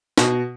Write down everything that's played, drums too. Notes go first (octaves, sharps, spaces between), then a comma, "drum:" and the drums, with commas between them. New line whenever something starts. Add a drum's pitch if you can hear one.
B2, drum: snare